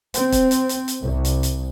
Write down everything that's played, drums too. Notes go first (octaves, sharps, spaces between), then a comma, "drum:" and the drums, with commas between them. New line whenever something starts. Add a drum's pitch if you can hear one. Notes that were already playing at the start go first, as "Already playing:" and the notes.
C4, drum: hi-hat
drum: kick, hi-hat
drum: hi-hat
drum: hi-hat
drum: hi-hat
C2
drum: hi-hat
drum: hi-hat